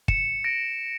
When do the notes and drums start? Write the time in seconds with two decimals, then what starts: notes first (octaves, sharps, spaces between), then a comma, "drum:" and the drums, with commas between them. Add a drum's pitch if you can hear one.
0.08 C#7 E7, drum: kick
0.44 A#6 D7